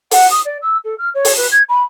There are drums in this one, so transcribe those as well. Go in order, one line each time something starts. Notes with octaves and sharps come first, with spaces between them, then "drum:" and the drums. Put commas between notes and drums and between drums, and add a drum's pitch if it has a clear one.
F#5, drum: open hi-hat
D#6
D5
E6
A4
F6
C#5
drum: open hi-hat
B4
G#6
B5